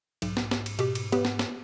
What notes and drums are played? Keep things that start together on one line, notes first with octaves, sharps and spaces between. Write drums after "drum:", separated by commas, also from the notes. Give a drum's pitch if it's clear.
B1 G#2, drum: cymbal
drum: snare
drum: snare
drum: cymbal
B2 G4, drum: cymbal
drum: cymbal
B3 G4, drum: cymbal
drum: snare
drum: snare